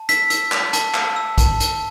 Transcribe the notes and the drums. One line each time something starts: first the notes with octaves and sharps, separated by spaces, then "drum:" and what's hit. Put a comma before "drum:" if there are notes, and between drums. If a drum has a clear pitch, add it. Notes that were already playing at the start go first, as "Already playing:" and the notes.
Already playing: A5
E6 B6, drum: hi-hat
E6, drum: hi-hat
A5, drum: clap
A5, drum: hi-hat
E6, drum: clap
E6
A5, drum: kick, hi-hat
A5, drum: hi-hat